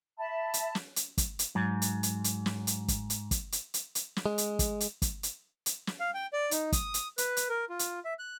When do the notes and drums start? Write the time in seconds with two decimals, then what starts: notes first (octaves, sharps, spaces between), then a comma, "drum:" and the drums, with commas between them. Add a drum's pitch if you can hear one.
0.18 E5 A5 B5
0.54 drum: hi-hat
0.75 drum: snare
0.96 drum: hi-hat
1.18 drum: kick, hi-hat
1.39 drum: hi-hat
1.55 G#2 F#3
1.82 drum: hi-hat
2.03 drum: hi-hat
2.24 drum: hi-hat
2.46 drum: snare
2.67 drum: hi-hat
2.88 drum: kick, hi-hat
3.10 drum: hi-hat
3.31 drum: kick, hi-hat
3.52 drum: hi-hat
3.74 drum: hi-hat
3.95 drum: hi-hat
4.16 drum: snare
4.26 G#3
4.38 drum: hi-hat
4.59 drum: kick, hi-hat
4.80 drum: hi-hat
5.02 drum: kick, hi-hat
5.23 drum: hi-hat
5.66 drum: hi-hat
5.87 drum: snare
6.00 F5
6.14 G5
6.33 D5
6.51 D#4, drum: hi-hat
6.72 D#6, drum: kick, hi-hat
6.94 drum: hi-hat
7.18 B4, drum: hi-hat
7.37 drum: hi-hat
7.49 A#4
7.69 F4
7.79 drum: hi-hat
8.05 E5
8.19 F#6